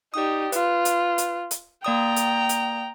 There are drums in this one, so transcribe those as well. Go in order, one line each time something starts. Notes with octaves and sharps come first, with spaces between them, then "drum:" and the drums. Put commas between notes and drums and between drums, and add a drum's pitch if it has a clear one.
D#4 G4 D5 D#6
F4 B4, drum: hi-hat
drum: hi-hat
drum: hi-hat
drum: hi-hat
A#3 D5 G5 A#5 D#6
drum: hi-hat
drum: hi-hat